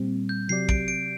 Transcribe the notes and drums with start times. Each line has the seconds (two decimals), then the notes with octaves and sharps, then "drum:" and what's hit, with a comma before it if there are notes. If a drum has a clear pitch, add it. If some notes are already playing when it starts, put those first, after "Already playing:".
Already playing: A#2 G3 C4
0.29 G6
0.48 C3 F#3 C4 G4 D5 C7
0.69 D7, drum: kick
0.88 D7